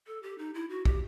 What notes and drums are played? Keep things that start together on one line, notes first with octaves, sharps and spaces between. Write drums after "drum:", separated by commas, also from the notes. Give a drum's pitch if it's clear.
A4
G4
D#4
E4
F#4
G4, drum: kick